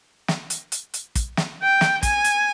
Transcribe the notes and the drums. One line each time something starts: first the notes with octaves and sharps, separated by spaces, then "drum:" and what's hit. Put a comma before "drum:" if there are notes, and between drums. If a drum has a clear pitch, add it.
drum: snare
drum: hi-hat
drum: hi-hat
drum: hi-hat
drum: kick, hi-hat
drum: snare
G5
drum: snare
G#5, drum: kick, hi-hat
drum: hi-hat